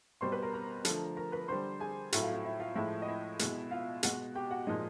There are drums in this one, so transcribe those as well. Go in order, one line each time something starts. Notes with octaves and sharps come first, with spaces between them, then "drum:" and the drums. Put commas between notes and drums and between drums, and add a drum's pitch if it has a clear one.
B2 G3 C5 C6
B4 B5
A#4 A#5
A#4 A#5
D3 F3 A3, drum: hi-hat
A#4 A#5
B4 B5
D3 G3 C5 C6
G#4 G#5
A2 F#3 A3 E4 E5, drum: hi-hat
F4 F5
F4 F5
E4 E5
F4 F5
A2 F3 G#3 E4 E5
D#5
E4 E5
B2 G#3 E4 E5, drum: hi-hat
F4 F5
B2 G#3 F#4 F#5, drum: hi-hat
G4 G5
F#4 F#5
A#2 F3 G#3 D#4 D#5